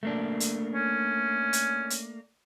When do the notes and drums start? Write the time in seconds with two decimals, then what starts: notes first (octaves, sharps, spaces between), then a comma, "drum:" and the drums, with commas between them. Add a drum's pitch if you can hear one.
0.03 A3 A#3 D4
0.40 drum: hi-hat
0.74 C#4
1.53 drum: hi-hat
1.90 drum: hi-hat